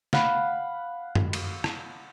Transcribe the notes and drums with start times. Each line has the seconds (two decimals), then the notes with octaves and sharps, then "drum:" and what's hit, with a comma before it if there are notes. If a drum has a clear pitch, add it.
0.13 F5 F#5 B5, drum: snare
1.15 drum: tom F#2
1.33 drum: cymbal
1.64 drum: rim click